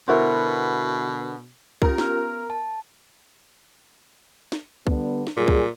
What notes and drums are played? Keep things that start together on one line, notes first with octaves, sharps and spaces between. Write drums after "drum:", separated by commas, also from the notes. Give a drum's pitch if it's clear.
B2 D3 B3 E4 F#4 A#4 C5
C#4 F4 G4 A#4, drum: kick C2
B3 F6, drum: snare
A5
drum: snare
D3 G3 B3, drum: kick C2
drum: snare
F#2 A#2 G3 G#4
drum: kick C2